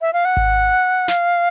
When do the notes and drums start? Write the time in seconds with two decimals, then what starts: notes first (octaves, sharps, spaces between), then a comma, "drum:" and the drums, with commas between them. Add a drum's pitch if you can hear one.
0.01 E5
0.13 F5
0.25 F#5
0.37 drum: kick G#1
1.08 F5, drum: snare